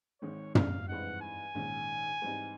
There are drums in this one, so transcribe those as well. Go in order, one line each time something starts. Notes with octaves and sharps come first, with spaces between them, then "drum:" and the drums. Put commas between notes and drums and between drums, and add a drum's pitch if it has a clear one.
G#1 G#2 D#3 G#3 C#5
F5, drum: tom
G2 E3 G#3 C4 D#4 F#5
G#5
A#1 G#2 D#3 G#3 C#4
G#2 E3 G3 C4 D#4